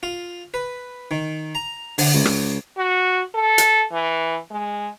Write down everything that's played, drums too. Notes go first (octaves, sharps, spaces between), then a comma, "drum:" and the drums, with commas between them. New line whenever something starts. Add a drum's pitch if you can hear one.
F4
B4
D#3
A#5
D3, drum: open hi-hat
C#2
drum: rim click
F#4
A4
drum: hi-hat
E3
G#3